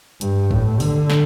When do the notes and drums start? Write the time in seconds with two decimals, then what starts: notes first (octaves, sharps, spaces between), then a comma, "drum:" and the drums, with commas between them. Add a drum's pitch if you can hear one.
0.21 G2, drum: hi-hat
0.51 A2, drum: kick
0.80 D3, drum: open hi-hat
1.10 drum: snare